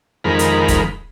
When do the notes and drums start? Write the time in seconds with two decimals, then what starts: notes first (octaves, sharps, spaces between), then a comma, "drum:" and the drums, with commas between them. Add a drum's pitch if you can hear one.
0.24 F2 D#3 G#3 A#4 B5
0.39 drum: hi-hat
0.68 drum: kick, hi-hat